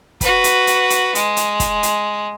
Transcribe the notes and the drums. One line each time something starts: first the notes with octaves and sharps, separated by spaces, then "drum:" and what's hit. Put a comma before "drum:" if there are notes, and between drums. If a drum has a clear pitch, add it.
F#4 B4, drum: kick, hi-hat
drum: hi-hat
drum: hi-hat
drum: hi-hat
G#3, drum: hi-hat
drum: hi-hat
drum: kick, hi-hat
drum: hi-hat